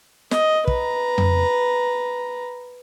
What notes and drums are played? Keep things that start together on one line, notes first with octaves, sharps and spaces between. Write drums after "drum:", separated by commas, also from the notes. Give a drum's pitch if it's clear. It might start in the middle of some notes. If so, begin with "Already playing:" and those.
D#5, drum: snare
B4 A#5, drum: kick
drum: tom F2